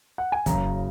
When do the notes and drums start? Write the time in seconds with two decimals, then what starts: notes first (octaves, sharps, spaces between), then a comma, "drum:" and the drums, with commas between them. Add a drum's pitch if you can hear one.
0.18 F#5
0.32 G#5
0.46 F#1 F#2 C#3 A#5, drum: kick, hi-hat